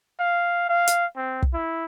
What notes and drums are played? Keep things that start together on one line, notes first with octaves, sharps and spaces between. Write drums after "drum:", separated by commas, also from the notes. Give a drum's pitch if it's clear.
F5
F5
drum: hi-hat
C4
drum: kick
E4